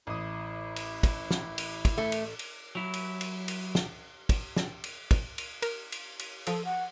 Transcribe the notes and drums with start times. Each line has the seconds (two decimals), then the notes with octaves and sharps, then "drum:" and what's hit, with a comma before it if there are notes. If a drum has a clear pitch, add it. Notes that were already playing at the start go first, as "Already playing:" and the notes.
0.07 A1 E4 D#6
0.76 drum: cymbal
1.03 drum: kick, cymbal
1.31 drum: snare
1.58 drum: cymbal
1.85 drum: kick, cymbal
1.98 A3
2.12 drum: cymbal
2.39 drum: cymbal
2.75 F#3 E4
2.94 drum: cymbal
3.21 drum: cymbal
3.48 drum: cymbal
3.75 drum: snare
4.29 drum: kick, cymbal
4.56 drum: snare
4.84 drum: cymbal
5.11 drum: kick, cymbal
5.38 drum: cymbal
5.62 A#4, drum: cymbal
5.92 drum: cymbal
6.19 drum: cymbal
6.47 F3 A4 D#6, drum: cymbal
6.65 F#5